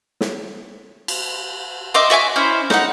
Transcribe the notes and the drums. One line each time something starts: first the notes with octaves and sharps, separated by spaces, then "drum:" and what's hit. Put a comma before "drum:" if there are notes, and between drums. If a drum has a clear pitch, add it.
drum: snare
drum: cymbal
D#5 E5 C6 D6
F#4 E5 G#5 D6
C#4 E4 C5
D#4 F#5, drum: snare